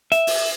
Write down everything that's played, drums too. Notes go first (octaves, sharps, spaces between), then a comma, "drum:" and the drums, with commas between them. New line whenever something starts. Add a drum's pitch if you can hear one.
E5, drum: hi-hat
drum: open hi-hat